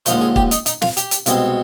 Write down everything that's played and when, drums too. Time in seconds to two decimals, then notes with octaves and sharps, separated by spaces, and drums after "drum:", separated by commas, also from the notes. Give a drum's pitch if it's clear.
0.06 D#2 D3 F3 G#3 C5, drum: hi-hat
0.21 G#4
0.36 G4, drum: kick
0.51 D#4, drum: hi-hat
0.66 D#4, drum: hi-hat
0.82 F4, drum: snare
0.97 G4, drum: hi-hat
1.11 drum: hi-hat
1.26 C2 B2 G#3 C4, drum: hi-hat